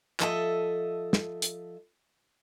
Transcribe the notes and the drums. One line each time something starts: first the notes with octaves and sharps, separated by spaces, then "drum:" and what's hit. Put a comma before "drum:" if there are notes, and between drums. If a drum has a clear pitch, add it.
F3 A4 D#5 E5 G5 A5, drum: clap
drum: snare
drum: hi-hat